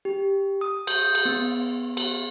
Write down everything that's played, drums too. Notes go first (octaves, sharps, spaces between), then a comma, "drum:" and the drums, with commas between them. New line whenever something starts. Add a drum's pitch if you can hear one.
G4
D#6
G6, drum: cymbal
D#6
drum: cymbal
B3
drum: cymbal